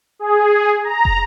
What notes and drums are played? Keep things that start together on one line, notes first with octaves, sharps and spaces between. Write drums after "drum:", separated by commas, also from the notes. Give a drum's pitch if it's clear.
G#4
A#5
drum: kick